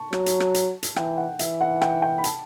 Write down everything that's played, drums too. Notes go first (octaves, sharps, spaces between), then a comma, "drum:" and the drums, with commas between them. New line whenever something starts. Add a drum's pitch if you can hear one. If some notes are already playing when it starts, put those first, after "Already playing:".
Already playing: A5 C#6
F#3, drum: rim click
drum: hi-hat
drum: rim click
drum: hi-hat
drum: hi-hat
E3 G5, drum: rim click
F#5
E3 E5, drum: hi-hat
F#5
G5, drum: rim click
G5
B5
A5, drum: hi-hat